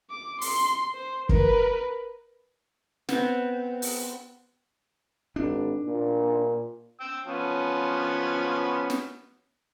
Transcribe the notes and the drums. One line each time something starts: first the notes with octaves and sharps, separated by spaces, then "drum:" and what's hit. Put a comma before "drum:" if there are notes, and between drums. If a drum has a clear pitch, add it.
D6
C6, drum: open hi-hat
C5
A#4 B4, drum: kick
B3 C4, drum: snare
drum: open hi-hat
G#1 D4
A#2
G5 E6
F3 B3 C#4
drum: snare